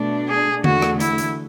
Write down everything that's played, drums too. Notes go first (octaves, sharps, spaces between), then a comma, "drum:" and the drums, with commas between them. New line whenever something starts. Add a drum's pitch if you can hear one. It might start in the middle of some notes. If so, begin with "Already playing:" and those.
Already playing: B2 A3 D4
G#4
E2 D3 A3 F#4, drum: tom D3
drum: rim click
E4, drum: hi-hat
drum: hi-hat